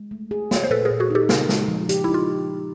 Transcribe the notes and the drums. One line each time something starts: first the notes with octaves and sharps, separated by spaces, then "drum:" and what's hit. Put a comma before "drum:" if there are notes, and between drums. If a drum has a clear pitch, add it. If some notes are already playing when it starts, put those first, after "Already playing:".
Already playing: G#3
A3
G#4
G#4 C#5, drum: snare
C5
A#2 A4 B4
G#4 A#4
A#2
F#4 G#4
D#4 G4 A4
C#3 G#4 A#4, drum: snare
G#3, drum: snare
F3
G4, drum: hi-hat
D#4 E4
F4